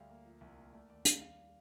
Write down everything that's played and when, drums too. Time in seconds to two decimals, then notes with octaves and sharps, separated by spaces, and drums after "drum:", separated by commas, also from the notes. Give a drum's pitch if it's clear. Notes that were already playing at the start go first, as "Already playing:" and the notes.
Already playing: D2 G3 F5
0.09 A#3
0.25 F3
0.41 C2
0.58 A#3
0.73 A3 D5
0.90 D#2 D5
1.05 D#2 F5, drum: hi-hat
1.21 G3 F5